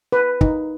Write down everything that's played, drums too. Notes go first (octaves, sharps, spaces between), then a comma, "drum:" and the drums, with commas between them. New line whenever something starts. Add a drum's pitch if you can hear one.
B4
D#4, drum: kick